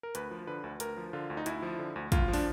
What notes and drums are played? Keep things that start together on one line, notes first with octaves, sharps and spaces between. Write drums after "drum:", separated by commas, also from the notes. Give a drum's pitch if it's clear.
A#4
D2 B4, drum: hi-hat
F3
D3 B4
D2
D2 A#4, drum: hi-hat
F3
D3 F4
D2
D#4
D2 E4, drum: hi-hat
F3
D3
D2
D2 F4, drum: kick, hi-hat
F3
D4, drum: open hi-hat